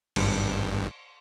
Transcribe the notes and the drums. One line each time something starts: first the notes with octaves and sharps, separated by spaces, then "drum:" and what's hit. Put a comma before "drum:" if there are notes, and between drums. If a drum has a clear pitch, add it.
G#1 G2, drum: cymbal